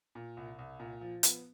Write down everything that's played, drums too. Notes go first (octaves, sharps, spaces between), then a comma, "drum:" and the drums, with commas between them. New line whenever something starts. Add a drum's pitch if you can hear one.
A#2
C2
C2
A#2
F3
B3, drum: hi-hat